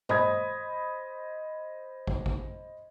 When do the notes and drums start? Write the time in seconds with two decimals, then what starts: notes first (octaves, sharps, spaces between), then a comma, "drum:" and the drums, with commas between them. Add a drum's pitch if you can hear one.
0.09 C5 D#5 B5 D#6 G#6, drum: tom G2
2.07 drum: kick
2.26 drum: kick